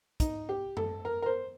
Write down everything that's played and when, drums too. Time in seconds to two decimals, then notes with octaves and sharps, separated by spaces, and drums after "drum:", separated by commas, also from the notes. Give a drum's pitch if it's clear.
0.20 D#4, drum: kick, hi-hat
0.49 G4
0.77 A4, drum: tom F#2
1.05 A#4
1.22 A#4
1.26 C5